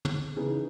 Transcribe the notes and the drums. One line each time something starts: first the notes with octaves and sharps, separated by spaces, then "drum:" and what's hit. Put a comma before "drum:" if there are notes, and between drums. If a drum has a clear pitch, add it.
drum: tom
C#3 E3 B3 D#4 G#4